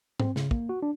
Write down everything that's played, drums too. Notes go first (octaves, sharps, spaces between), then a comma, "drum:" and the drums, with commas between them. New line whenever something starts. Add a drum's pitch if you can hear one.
C4, drum: tom G#2
C#3, drum: snare
A#3, drum: kick
F#4
D4